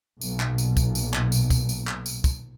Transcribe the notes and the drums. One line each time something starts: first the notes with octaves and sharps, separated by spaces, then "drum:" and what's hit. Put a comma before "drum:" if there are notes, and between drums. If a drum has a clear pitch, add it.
B1 A#2, drum: tambourine
drum: clap
drum: tambourine
drum: kick, tambourine
drum: tambourine
drum: clap
drum: tambourine
drum: kick, tambourine
drum: tambourine
drum: clap
drum: tambourine
drum: kick, tambourine